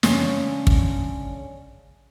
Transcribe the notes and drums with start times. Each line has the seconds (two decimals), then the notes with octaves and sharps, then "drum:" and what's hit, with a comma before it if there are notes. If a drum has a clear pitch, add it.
0.03 C#3 G#3 C#4 D4, drum: snare
0.67 drum: kick